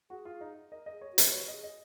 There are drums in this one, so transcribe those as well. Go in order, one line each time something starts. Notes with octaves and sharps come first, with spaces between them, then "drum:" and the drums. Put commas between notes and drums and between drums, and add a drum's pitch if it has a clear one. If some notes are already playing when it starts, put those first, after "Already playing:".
F#4 G#4
F4
D#4
A#4 D#5
D#5
G#4
C#5
F#4
B4, drum: hi-hat
F#4 C#5
G#4 D#5
D#5